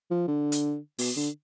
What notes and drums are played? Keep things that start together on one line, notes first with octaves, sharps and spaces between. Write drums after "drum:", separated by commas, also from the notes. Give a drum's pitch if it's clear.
F3
D3
drum: hi-hat
B2, drum: open hi-hat
D3